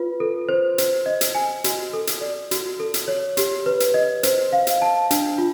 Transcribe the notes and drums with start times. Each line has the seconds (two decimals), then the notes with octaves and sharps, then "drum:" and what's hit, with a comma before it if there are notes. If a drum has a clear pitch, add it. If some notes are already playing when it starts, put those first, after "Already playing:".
Already playing: F4 B4
0.20 A4
0.49 C5
0.78 C5, drum: hi-hat
1.06 D#5
1.21 drum: hi-hat
1.35 G#5
1.64 F#4, drum: hi-hat
1.93 A4
2.07 drum: hi-hat
2.21 D5
2.51 F#4, drum: hi-hat
2.80 A4
2.94 drum: hi-hat
3.08 C#5
3.37 G4, drum: hi-hat
3.66 B4
3.80 drum: hi-hat
3.94 D#5
4.23 C5, drum: hi-hat
4.53 F5
4.67 drum: hi-hat
4.82 A5
5.11 D4, drum: hi-hat
5.38 F4